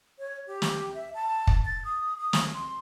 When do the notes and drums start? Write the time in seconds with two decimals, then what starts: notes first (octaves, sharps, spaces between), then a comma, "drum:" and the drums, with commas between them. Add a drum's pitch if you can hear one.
0.19 C#5
0.47 G4
0.62 drum: snare
0.94 E5
1.14 A5
1.47 drum: kick
1.65 A6
1.85 D#6
2.17 D#6
2.33 drum: snare
2.54 C6